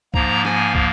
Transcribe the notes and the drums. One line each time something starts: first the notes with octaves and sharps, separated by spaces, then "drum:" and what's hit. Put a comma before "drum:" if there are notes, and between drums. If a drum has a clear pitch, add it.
G#2 F3 A#3 A#5, drum: kick
G#5, drum: snare
drum: kick